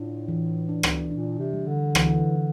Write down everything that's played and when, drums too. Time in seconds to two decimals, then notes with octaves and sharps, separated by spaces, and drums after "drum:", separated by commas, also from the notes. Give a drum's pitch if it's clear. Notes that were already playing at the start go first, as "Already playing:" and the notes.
Already playing: A2 D4 F4
0.28 E3
0.69 D4
0.83 drum: rim click
1.11 A#2 D4
1.39 C3
1.53 G3
1.67 D3
1.95 E3, drum: rim click
2.36 E3